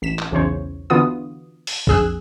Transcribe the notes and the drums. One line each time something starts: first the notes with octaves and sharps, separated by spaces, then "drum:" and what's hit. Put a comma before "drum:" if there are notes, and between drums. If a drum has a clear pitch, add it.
A1 B6 E7
drum: clap
B1 E2 C#3 E3 C5 C#5
D3 E3 B3 F4 F#4 D#6
drum: open hi-hat
A#1 F2 G#4 E6 F#6, drum: kick